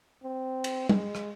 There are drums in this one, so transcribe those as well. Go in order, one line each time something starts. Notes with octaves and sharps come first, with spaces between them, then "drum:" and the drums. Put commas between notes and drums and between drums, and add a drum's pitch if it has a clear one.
C4
drum: cymbal
G#3, drum: tom
drum: rim click